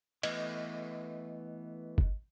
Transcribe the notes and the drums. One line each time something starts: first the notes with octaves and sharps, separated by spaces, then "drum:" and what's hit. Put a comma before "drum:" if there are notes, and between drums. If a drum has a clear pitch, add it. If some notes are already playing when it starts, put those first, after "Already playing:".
E3 A3 B3 D#5, drum: cymbal
drum: kick